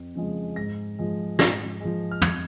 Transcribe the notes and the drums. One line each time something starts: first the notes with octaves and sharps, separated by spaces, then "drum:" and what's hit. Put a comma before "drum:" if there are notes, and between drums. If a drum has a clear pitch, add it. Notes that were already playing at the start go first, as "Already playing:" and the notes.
Already playing: F2
C#3 F3 G#3
G#2 A#6
F3 G#3
G#2 A#6, drum: snare
F3 G#3
F6
F2 G#6, drum: tom